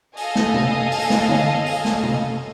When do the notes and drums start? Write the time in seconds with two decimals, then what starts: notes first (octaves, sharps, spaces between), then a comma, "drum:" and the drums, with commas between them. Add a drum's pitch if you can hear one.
0.17 A4 D#5 F5 G#5, drum: open hi-hat
0.35 drum: snare
0.54 drum: tom C3
0.91 drum: open hi-hat
1.10 drum: snare
1.29 drum: tom
1.66 drum: open hi-hat
1.85 drum: snare
2.03 drum: tom C3